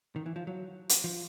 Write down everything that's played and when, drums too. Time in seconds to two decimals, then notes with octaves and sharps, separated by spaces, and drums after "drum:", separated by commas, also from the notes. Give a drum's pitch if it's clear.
0.16 D#3
0.26 E3
0.36 F3
0.47 F#3
0.89 drum: hi-hat
1.04 F3